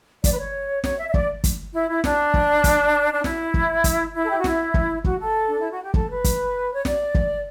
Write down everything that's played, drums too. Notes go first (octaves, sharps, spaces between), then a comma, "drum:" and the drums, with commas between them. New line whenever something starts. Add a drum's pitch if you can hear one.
D5, drum: kick, hi-hat
B4
C#5
C#5, drum: snare
E5
E5
D5, drum: kick
drum: kick, hi-hat
E4
E4
D4, drum: snare
drum: kick
drum: kick, hi-hat
D4
E4, drum: snare
drum: kick
drum: kick, hi-hat
E4
A4
G4
F#4
E4, drum: snare
drum: kick
F#4, drum: kick
A4
D4
E4
F#4
G4
A4, drum: kick
B4
drum: kick, hi-hat
C#5
D5, drum: snare
drum: kick